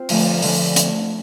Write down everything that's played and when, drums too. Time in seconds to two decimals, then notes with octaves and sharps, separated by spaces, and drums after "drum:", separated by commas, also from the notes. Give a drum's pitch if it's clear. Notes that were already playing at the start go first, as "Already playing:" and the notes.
Already playing: C4 F4 C5
0.09 D3 F3 A3, drum: open hi-hat
0.42 D3 F3 A3, drum: open hi-hat
0.76 drum: hi-hat